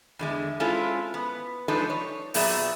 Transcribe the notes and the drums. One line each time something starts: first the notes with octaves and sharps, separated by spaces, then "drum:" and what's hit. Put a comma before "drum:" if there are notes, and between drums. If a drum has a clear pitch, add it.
E2 D3 G#3
G#3 C4 C#4 E4 F4 A4
B3
F3 G#3 D4 D#4 A4 B4
C#5
A#2 F#3 B3 G#4 D5 E5, drum: open hi-hat